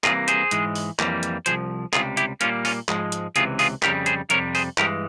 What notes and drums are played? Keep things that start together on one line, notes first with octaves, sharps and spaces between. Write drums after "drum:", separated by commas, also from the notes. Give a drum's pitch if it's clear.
C2 C3 E3 A#3 F4 G#4, drum: clap
G#4 C5, drum: hi-hat
G#2 E3 G#3, drum: hi-hat
drum: open hi-hat
F2 E3 G3 A#3, drum: clap
drum: hi-hat
C2 C3 F3 G#4 C5, drum: hi-hat
C#2 C3 G3 F4 G#4, drum: clap
E4 G4, drum: hi-hat
A#2 G3 A#3 C#4 F4, drum: hi-hat
C#4 F4, drum: open hi-hat
G#2 F3 G#3, drum: clap
drum: hi-hat
C#2 C3 E3 F4 G#4, drum: hi-hat
F4 G#4, drum: open hi-hat
F2 C#3 G3 G4 A#4, drum: clap
G#4 C5, drum: hi-hat
F2 C3 G3 A#4 C#5, drum: hi-hat
G#4 C5, drum: open hi-hat
G2 E3 G#3 G4 A#4, drum: clap